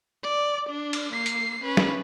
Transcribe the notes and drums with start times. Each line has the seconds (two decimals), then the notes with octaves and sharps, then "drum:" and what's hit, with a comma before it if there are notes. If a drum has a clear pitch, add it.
0.23 D5
0.70 D4
0.93 drum: cymbal
1.13 A#3 C7
1.26 drum: hi-hat
1.63 C#4 B4
1.77 drum: snare